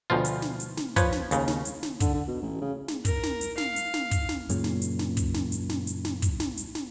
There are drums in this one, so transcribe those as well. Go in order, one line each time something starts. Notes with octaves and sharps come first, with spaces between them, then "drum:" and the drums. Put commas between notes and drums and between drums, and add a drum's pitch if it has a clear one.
D2 B2 F3 F4
drum: hi-hat
drum: snare
drum: hi-hat
drum: snare
F3 B4 C#5, drum: kick, hi-hat
drum: snare
D#2 C#3, drum: hi-hat
drum: snare
drum: hi-hat
drum: snare
D3, drum: kick, hi-hat
D3
B2
A1
C#3
drum: snare
A#4, drum: kick, hi-hat
drum: snare
drum: hi-hat
F5, drum: snare
drum: hi-hat
drum: snare
drum: kick, hi-hat
drum: snare
F#2 A#2 C#3, drum: hi-hat
drum: snare
drum: hi-hat
drum: snare
drum: kick, hi-hat
drum: snare
drum: hi-hat
drum: snare
drum: hi-hat
drum: snare
drum: kick, hi-hat
drum: snare
drum: hi-hat
drum: snare